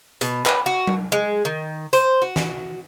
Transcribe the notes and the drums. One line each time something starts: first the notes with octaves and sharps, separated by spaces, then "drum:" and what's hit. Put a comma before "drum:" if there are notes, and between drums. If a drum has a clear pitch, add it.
B2, drum: hi-hat
B4, drum: clap
F#4
drum: tom F#3
G#3
D#3
C5, drum: hi-hat
F#4
drum: snare